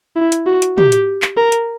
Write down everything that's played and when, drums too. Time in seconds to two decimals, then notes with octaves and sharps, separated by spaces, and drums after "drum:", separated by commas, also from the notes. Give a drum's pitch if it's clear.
0.16 E4
0.32 drum: hi-hat
0.46 F#4
0.62 drum: hi-hat
0.78 G4, drum: tom
0.92 drum: hi-hat
1.22 drum: clap
1.37 A#4
1.52 drum: hi-hat